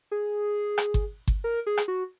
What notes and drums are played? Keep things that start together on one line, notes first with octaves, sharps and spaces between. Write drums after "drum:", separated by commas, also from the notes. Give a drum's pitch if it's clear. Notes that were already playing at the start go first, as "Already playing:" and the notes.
G#4
drum: rim click
drum: kick G1
drum: kick G1
A#4
G#4
drum: rim click
F#4